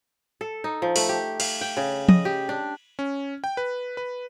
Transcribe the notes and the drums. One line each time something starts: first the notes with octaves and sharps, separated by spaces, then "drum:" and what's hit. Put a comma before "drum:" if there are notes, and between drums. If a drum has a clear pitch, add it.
A4
D#4
F3
A3, drum: open hi-hat
G4
F5, drum: cymbal
G5
C#3
D#5, drum: tom F3
G4
D4
C#4
G5
B4
B4